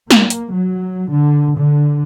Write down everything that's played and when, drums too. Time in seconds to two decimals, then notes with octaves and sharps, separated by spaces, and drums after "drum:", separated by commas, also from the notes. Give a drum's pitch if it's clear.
0.11 A#3, drum: snare
0.30 drum: hi-hat
0.52 F#3
1.11 D3
1.57 D3